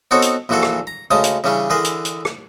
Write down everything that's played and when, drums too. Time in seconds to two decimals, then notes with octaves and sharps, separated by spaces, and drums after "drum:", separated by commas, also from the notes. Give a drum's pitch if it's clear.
0.11 B3 C4 D#4 F#4 A4 C#5
0.22 drum: hi-hat
0.49 A#1 A#2 E3 D4 F#4 A4
0.63 drum: rim click
0.87 A#5
1.11 D2 C#3 G#3 A5 D#6
1.24 drum: hi-hat
1.44 C#3 E3 G3 C#4 D4
1.70 D3 E3 G#4 A#4 B4
1.84 drum: hi-hat
2.05 drum: hi-hat
2.25 drum: rim click